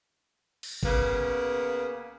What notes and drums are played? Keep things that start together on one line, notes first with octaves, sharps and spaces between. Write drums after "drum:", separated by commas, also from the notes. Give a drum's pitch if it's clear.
drum: cymbal
C#3 A#3 B3, drum: kick